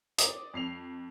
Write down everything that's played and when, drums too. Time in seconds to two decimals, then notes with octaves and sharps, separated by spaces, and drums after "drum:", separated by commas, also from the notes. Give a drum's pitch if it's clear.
0.18 D5 D#6, drum: hi-hat
0.54 F2 C7 F7